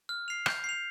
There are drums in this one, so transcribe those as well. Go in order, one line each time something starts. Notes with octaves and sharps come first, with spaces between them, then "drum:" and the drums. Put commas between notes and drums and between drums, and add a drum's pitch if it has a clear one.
F6
C7 F7
G6, drum: rim click
C7 F7